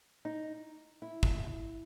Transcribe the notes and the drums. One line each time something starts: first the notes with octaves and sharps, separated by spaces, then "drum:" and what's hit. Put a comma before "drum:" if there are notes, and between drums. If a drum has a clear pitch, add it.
D#4
E4
drum: kick